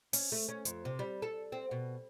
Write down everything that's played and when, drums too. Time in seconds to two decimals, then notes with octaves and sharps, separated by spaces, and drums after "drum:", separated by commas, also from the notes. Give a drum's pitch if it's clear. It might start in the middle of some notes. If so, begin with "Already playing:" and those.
0.13 C#4, drum: open hi-hat
0.32 A3
0.49 C#4
0.65 F2, drum: hi-hat
0.85 C3
0.99 G3
1.22 A4
1.52 C4
1.71 B2